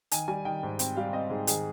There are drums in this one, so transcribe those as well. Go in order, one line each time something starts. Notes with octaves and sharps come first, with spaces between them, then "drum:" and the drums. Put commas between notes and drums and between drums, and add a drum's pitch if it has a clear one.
D#3 G#5, drum: hi-hat
G3 G#5
D#3 G5
G#2
C4 G5, drum: hi-hat
G3 F5
C4 D#5
G#2 G#4
D#3 G#4, drum: hi-hat